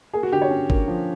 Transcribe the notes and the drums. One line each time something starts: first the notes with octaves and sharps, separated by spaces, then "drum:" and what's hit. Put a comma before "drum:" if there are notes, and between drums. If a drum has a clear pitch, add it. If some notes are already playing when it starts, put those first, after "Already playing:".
A#3 G#4
F#4
D3 G4
C#5
C#4
A#3, drum: kick
F3